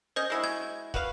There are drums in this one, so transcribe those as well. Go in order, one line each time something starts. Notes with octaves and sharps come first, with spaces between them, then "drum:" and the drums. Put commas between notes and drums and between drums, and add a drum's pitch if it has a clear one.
C#4 C5 D#5 G6
G#3 E4 F#4
G#6, drum: rim click
F#4 B4 F5, drum: kick